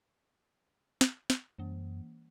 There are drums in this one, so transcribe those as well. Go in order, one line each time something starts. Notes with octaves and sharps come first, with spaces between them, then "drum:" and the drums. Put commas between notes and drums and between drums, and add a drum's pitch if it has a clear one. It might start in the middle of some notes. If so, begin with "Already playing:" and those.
drum: snare
drum: snare
F#2 E3 A#3